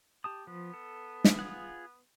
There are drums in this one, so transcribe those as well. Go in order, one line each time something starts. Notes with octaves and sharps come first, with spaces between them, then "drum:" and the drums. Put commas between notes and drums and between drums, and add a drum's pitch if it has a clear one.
G4 A5 D#6
F3 B3
A4
drum: snare
F4 G#4 F#5